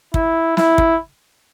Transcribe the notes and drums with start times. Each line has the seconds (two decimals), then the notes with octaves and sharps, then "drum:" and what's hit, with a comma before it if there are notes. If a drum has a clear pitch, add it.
0.14 E4, drum: kick
0.57 E4, drum: snare
0.78 drum: kick